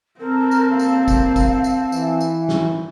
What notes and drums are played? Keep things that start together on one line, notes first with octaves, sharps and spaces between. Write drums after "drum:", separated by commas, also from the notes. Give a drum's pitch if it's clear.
C4 A4 A#4
drum: tambourine
D#2 A#3 A#4 F5
drum: tambourine
drum: kick, tambourine
drum: kick, tambourine
drum: tambourine
E3, drum: tambourine
drum: tambourine
drum: snare